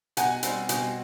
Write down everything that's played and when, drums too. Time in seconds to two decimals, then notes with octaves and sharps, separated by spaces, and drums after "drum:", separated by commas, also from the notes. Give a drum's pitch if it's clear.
0.17 B2 F#5 G#5, drum: hi-hat
0.43 G3 C4, drum: hi-hat
0.69 B2, drum: hi-hat